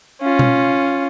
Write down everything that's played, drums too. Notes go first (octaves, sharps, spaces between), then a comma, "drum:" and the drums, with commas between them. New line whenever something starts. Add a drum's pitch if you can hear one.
C#4 F4
drum: tom B2